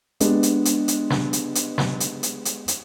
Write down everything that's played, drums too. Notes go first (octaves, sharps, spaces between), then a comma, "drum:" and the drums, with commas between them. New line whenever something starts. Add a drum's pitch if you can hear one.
G#3 B3 D4 G4, drum: hi-hat
drum: hi-hat
drum: hi-hat
drum: hi-hat
drum: snare
drum: hi-hat
drum: hi-hat
drum: snare
drum: hi-hat
drum: hi-hat
drum: hi-hat
drum: hi-hat